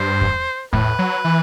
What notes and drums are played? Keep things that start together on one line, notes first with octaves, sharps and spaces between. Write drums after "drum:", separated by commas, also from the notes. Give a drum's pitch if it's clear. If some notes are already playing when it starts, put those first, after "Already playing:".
Already playing: G2 C5
drum: kick E2
A2 B4, drum: kick E2
F#3
E3